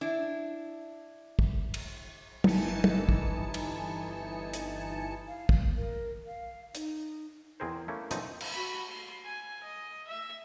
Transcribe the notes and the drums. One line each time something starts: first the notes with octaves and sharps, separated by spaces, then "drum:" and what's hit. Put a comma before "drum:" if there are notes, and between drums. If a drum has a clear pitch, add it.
D4 E4
drum: kick
drum: cymbal
G1 E3 D#4 G#5 A5 C#7, drum: tom
drum: tom
drum: kick
drum: cymbal
drum: hi-hat
F5
drum: kick
A#4
F5
D#4, drum: hi-hat
E2 C4 G#4 A#4 C5
A3 A#3 C#4 E4
F#2 B2 F3 A3 C4 D#4, drum: hi-hat
drum: cymbal
F#4 B5
C6
G#5
D#5
E5